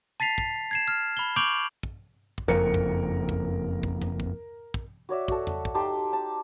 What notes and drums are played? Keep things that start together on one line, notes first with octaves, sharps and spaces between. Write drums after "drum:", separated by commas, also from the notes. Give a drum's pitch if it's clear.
A5 A6 B6 C7 F7
drum: kick
G#6 C7 E7
F6
B5 G7
C#6 D6 G6 D7 F7 F#7
drum: kick
drum: kick
F#1 F2 A#4 C#7
drum: kick
drum: kick
drum: kick
drum: tom E2
drum: kick
drum: kick
F#4 C#5 D5 E5
F#4 A4, drum: kick
drum: tom E2
drum: kick
D#4 G4 A5 C6
A5